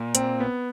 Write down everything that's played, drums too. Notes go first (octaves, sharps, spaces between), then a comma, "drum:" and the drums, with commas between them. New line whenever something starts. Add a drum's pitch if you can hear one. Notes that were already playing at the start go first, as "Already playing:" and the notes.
Already playing: A#2
C4, drum: hi-hat
B3